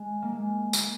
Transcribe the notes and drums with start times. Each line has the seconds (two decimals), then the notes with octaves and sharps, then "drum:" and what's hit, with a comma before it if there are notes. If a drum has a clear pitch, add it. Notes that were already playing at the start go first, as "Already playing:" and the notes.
Already playing: G#3
0.22 A#3
0.32 G#3
0.73 A#3, drum: tambourine